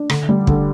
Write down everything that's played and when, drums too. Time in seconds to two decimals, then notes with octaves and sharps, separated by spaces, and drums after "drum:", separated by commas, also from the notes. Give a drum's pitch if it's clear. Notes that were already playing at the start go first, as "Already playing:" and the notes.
Already playing: D4
0.10 D3, drum: rim click
0.29 G3
0.47 D3, drum: kick